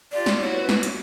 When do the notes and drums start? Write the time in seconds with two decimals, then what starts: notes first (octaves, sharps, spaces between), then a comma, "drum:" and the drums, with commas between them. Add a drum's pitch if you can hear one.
0.12 F4 G4 D5
0.26 drum: snare
0.40 E4 F#4 C#5
0.55 B4
0.69 drum: snare
0.83 drum: hi-hat